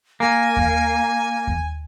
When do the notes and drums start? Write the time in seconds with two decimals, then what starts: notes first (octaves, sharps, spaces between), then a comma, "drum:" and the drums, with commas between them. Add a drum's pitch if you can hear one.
0.20 A#3 G#5
0.57 drum: kick D#2
1.47 drum: kick D#2